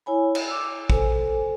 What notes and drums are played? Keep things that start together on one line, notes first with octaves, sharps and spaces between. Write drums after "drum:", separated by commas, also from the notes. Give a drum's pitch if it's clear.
E4 C#5 G#5 B5
drum: cymbal
D6 E6
A4 C5 G#5, drum: kick